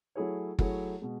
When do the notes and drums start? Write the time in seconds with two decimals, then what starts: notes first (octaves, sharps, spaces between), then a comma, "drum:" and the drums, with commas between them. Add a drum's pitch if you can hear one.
0.15 F#3 A3 E4 G#4 C#5
0.59 F#3 A3 E4 G#4 C#5, drum: kick
1.02 B2 G#3